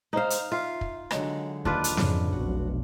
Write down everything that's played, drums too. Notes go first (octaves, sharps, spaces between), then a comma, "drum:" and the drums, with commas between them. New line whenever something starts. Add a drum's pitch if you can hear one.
G#3 D#4 C5 F5
drum: hi-hat
F4 E5 F5
drum: kick
D3 F#3 G#3, drum: rim click
D#2 D4 F4 B4, drum: kick
drum: hi-hat
F2 G#2 C#3, drum: snare
F1 B1 F#4